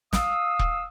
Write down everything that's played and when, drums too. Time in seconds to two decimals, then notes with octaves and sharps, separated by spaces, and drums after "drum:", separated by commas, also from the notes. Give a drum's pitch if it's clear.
0.13 F5 D#6 E6, drum: snare
0.59 drum: kick E1